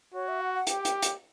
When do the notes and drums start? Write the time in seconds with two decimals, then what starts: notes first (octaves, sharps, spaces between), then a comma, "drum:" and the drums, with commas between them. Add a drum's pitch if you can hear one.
0.14 F#4 C#5
0.28 E5
0.41 F#5
0.54 F#5
0.67 G4 G5, drum: hi-hat
0.85 drum: hi-hat
1.02 drum: hi-hat